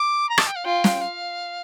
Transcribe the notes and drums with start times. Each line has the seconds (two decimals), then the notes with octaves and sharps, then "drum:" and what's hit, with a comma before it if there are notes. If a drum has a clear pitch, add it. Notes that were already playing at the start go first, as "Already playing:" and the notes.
Already playing: D6
0.29 A#5
0.38 A5, drum: rim click
0.47 G5
0.56 F5
0.65 F4 G5
0.84 drum: snare
1.01 F5